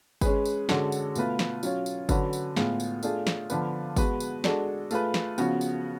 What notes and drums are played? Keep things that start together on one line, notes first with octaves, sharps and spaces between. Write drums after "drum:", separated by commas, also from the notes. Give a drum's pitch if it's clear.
G#3 C#4 G#4 B4, drum: kick G1, tambourine
drum: tambourine
D3 G#3 C#4 F#4 A4, drum: snare
drum: tambourine
B2 A3 F4 B4, drum: tambourine
drum: snare
F#3 C#4 F4, drum: tambourine
drum: tambourine
D3 F#3 C#4 F#4 B4, drum: kick G1, tambourine
drum: tambourine
A2 G#3 B3 F4 G#4, drum: snare
drum: tambourine
A3 D4 F4 G#4, drum: tambourine
drum: snare
D3 F3 B3 F4 B4, drum: tambourine
G#3 B3 F#4 B4, drum: kick G1, tambourine
drum: tambourine
G#3 D4 F#4 A4, drum: snare
A3 F4 G#4 B4, drum: tambourine
drum: snare
C#3 F3 B3 F#4, drum: tambourine
drum: tambourine